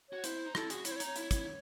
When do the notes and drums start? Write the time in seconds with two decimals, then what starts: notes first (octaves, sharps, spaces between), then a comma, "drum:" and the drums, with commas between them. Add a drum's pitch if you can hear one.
0.09 F#4 C#5
0.24 E4 C5, drum: hi-hat
0.46 D#4
0.55 E4 A4, drum: rim click
0.70 F#4 G#4, drum: hi-hat
0.85 E4 C#5, drum: hi-hat
0.91 C5
0.96 C#5
1.00 D#4, drum: hi-hat
1.06 C#5
1.16 E4, drum: hi-hat
1.31 E4, drum: kick, hi-hat